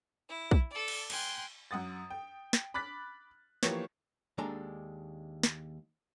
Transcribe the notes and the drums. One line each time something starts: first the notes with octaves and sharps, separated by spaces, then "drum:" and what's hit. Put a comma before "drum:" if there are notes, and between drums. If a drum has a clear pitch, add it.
E4
drum: kick
A4 D5
drum: cymbal
G5 G#5 C6 F#6, drum: cymbal
F#2 F#5 D#6 A6
G5
drum: snare
B5 D6 F#6 A6 B6
E3 F3 A#3 B3 G4 C#5, drum: snare
D#2 G#3 D4 A4 A#5
drum: snare